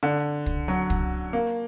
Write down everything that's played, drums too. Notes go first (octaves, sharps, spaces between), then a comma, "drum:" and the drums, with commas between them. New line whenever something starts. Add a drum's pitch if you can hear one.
D3
drum: kick
F#3
drum: kick
A#3